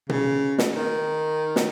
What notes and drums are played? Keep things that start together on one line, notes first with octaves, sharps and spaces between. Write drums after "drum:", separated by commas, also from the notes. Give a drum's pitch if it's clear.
C#3, drum: tom B2
drum: snare
D#3
drum: snare